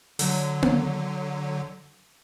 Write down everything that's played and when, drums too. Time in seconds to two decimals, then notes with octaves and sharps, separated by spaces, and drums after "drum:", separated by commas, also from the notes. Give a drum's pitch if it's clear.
0.19 D3 F#3, drum: open hi-hat
0.62 drum: tom A#3